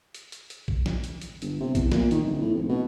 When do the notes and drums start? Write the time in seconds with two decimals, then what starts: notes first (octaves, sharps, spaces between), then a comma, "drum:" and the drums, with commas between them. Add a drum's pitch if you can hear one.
0.15 drum: hi-hat
0.32 drum: hi-hat
0.50 drum: hi-hat
0.68 drum: kick A#1
0.86 drum: snare
1.04 drum: hi-hat
1.21 drum: hi-hat
1.42 G1, drum: hi-hat
1.60 C3
1.75 E2, drum: kick A#1, hi-hat
1.92 A#2, drum: snare
2.11 D#3, drum: hi-hat
2.25 D1
2.41 A2
2.54 F1
2.69 B2